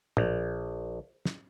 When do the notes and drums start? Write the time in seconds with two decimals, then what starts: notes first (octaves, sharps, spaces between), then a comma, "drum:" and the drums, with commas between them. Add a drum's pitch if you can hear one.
0.17 A#1, drum: tom
1.25 drum: snare